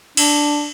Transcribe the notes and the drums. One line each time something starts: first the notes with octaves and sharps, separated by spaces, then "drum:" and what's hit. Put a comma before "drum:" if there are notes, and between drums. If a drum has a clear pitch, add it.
D4, drum: cymbal